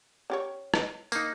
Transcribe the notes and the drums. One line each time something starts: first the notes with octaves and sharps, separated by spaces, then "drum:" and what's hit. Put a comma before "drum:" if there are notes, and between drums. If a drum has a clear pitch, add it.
C#4 G4 C#5
drum: rim click
A#3 D#4, drum: tambourine